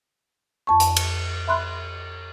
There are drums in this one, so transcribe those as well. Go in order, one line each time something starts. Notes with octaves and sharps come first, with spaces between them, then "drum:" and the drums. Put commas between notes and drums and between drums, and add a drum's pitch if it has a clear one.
F2 A5 C#6
drum: hi-hat
drum: cymbal
E5 B5 C6 F#6